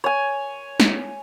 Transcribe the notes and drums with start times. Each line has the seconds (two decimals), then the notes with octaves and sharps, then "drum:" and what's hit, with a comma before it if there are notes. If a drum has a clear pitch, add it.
0.04 C#5 G#5
0.80 drum: snare